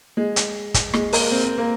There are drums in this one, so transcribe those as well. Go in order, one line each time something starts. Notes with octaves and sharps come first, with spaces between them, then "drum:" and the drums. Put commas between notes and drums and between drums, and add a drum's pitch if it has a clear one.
G#3
drum: hi-hat
drum: kick, hi-hat
G#3, drum: rim click
A#3, drum: open hi-hat
C4
C4
A#3